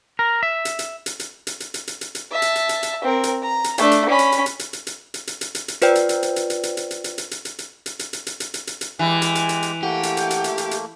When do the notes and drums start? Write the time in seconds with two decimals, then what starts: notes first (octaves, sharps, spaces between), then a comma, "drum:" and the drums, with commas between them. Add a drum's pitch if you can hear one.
0.19 A#4
0.43 E5
0.65 drum: hi-hat
0.79 drum: hi-hat
1.06 drum: hi-hat
1.20 drum: hi-hat
1.47 drum: hi-hat
1.60 drum: hi-hat
1.74 drum: hi-hat
1.88 drum: hi-hat
2.01 drum: hi-hat
2.15 drum: hi-hat
2.32 E5 A5
2.42 drum: hi-hat
2.56 drum: hi-hat
2.69 drum: hi-hat
2.83 drum: hi-hat
3.04 C4 A#4
3.23 drum: hi-hat
3.43 A#5
3.64 drum: hi-hat
3.78 A3 D4, drum: hi-hat
3.91 drum: hi-hat
4.09 C#4 B5
4.19 drum: hi-hat
4.32 drum: hi-hat
4.46 drum: hi-hat
4.59 drum: hi-hat
4.73 drum: hi-hat
4.87 drum: hi-hat
5.14 drum: hi-hat
5.27 drum: hi-hat
5.41 drum: hi-hat
5.55 drum: hi-hat
5.68 drum: hi-hat
5.82 F4 B4 C5 D5 G5, drum: hi-hat
5.95 drum: hi-hat
6.09 drum: hi-hat
6.23 drum: hi-hat
6.36 drum: hi-hat
6.50 drum: hi-hat
6.63 drum: hi-hat
6.77 drum: hi-hat
6.91 drum: hi-hat
7.04 drum: hi-hat
7.18 drum: hi-hat
7.31 drum: hi-hat
7.45 drum: hi-hat
7.59 drum: hi-hat
7.86 drum: hi-hat
7.99 drum: hi-hat
8.13 drum: hi-hat
8.27 drum: hi-hat
8.40 drum: hi-hat
8.54 drum: hi-hat
8.67 drum: hi-hat
8.81 drum: hi-hat
8.99 E3 G#3 G4 G#5
9.22 drum: hi-hat
9.35 drum: hi-hat
9.49 drum: hi-hat
9.63 drum: hi-hat
9.83 A3 A#3 G4 F#5
10.03 drum: hi-hat
10.17 drum: hi-hat
10.31 drum: hi-hat
10.44 drum: hi-hat
10.58 drum: hi-hat
10.71 drum: hi-hat